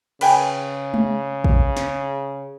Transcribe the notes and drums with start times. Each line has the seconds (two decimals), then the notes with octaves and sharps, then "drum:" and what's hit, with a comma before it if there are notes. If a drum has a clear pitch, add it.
0.21 C#3 B4 G5 G#5, drum: cymbal
0.94 drum: tom G#3
1.44 drum: kick
1.77 drum: snare